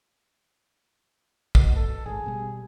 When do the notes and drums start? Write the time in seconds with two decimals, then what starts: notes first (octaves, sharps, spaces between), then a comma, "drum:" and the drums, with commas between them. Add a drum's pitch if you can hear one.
1.55 B2, drum: kick
1.75 A4
2.06 G#1 G#2 G#4
2.26 B2 G3